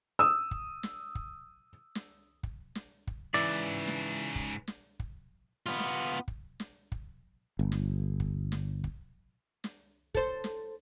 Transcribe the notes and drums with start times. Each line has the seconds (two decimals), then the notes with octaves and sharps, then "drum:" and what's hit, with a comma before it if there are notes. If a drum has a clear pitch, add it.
0.19 D#6 E6
0.51 drum: kick
0.83 drum: snare
1.15 drum: kick
1.95 drum: snare
2.43 drum: kick
2.75 drum: snare
3.07 drum: kick
3.34 G#2 C#3 E3 D5
3.87 drum: snare
4.35 drum: kick
4.68 drum: snare
5.00 drum: kick
5.66 B3 F4
5.80 drum: snare
6.28 drum: kick
6.60 drum: snare
6.92 drum: kick
7.59 G1
7.72 drum: snare
8.20 drum: kick
8.52 drum: snare
8.84 drum: kick
9.64 drum: snare
10.15 A4 C5, drum: kick
10.44 drum: snare